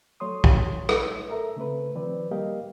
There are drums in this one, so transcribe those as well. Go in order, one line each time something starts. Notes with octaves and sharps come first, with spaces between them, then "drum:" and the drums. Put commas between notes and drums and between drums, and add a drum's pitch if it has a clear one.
F#3 A3 C#5 C6 D#6
drum: kick
drum: rim click
A4 A#4 E5 A#5
C#3 A3 C4 B4
D#3 F3 C4 B4 D5
G3 A#3 G4 A#4 D#5 F5